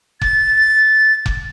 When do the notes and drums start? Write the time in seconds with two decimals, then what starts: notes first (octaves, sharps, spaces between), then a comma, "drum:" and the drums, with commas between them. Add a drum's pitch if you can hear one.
0.21 A6, drum: kick F1
1.26 drum: kick F1